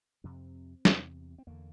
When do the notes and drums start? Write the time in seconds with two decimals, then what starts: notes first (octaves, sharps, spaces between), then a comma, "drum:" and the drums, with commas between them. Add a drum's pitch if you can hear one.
0.24 F2 C3 C4
0.85 E2 C3, drum: snare
1.38 C4
1.47 E2 D3 A#3